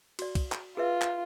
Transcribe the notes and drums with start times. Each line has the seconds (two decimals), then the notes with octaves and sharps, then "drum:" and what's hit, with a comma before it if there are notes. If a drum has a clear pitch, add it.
0.19 F#4 D5, drum: cymbal
0.35 drum: kick, cymbal
0.52 drum: clap
0.77 F4 G#4 B4 E5
1.02 drum: clap